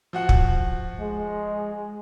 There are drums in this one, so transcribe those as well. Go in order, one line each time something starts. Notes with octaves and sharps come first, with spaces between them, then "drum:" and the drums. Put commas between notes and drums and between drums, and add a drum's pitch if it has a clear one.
F3 F#4 F#5
drum: kick
G#3